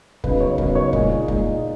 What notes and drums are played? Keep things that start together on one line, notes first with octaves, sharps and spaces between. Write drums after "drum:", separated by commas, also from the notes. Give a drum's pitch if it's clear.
C#3 F#3 B3 D#4 B4, drum: kick F1
C#5
C#3 F#3 B3 D#4 A#4, drum: kick F1
D#5
C#5
A#2 G#3 D#4 D#5, drum: kick F1
A#2 G#3 D#4, drum: kick F1